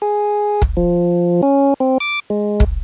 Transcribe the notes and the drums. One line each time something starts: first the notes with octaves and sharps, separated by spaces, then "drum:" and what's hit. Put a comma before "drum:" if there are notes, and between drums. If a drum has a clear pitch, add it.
G#4
drum: kick
F3
C#4
C4
D6
G#3
drum: kick